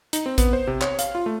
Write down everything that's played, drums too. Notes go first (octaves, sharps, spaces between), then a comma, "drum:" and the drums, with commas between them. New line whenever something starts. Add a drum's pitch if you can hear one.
D#4, drum: hi-hat
C4
B3, drum: kick A#1, hi-hat
C5
C3
C#5, drum: clap
F5, drum: hi-hat
F4
A3